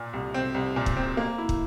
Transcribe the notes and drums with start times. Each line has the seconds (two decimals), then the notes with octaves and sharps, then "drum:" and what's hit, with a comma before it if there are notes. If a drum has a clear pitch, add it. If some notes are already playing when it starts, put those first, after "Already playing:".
Already playing: A#2
0.13 C2
0.34 C4
0.54 C2
0.76 A#2
0.86 drum: kick
0.97 C4
1.17 A#3
1.38 E4
1.49 drum: kick